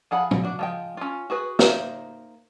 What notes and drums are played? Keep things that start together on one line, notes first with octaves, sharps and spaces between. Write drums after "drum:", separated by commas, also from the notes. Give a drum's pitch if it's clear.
F3 G#4 F#5 B5
drum: tom
D4 F#4
F3 G#3 G5
C#4 F4
F#4 G#4 B4
A#3 D#4 C5 E5, drum: snare